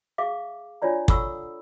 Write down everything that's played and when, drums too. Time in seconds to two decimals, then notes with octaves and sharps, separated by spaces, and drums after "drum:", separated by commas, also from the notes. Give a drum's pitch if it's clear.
0.18 G#4 E5 F5 D6
0.82 D4 F4 C#5 D5 A#5
1.08 A4 F#5 B5 C#6 D#6 E6, drum: kick